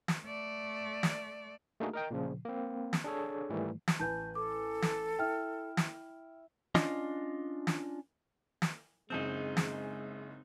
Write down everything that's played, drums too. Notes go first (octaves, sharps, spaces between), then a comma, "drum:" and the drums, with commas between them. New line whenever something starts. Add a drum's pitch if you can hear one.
drum: snare
A3 D5
drum: snare
A3 A#3 D4 D#4 F#4 G#4
A#4 D#5 G5
A#2 C#3 F3
A#3 C4
drum: snare
D4 G#4 A4 C#5
G#2 D#3 E3 G3 A3
drum: snare
A1 B4 G#5 A5 G6
A4 D6
drum: snare
E4 G5 F6
drum: snare
C#4 D4 F4 D#5, drum: snare
drum: snare
drum: snare
F#1 F#2 G#3 C4 D#4 G6
drum: snare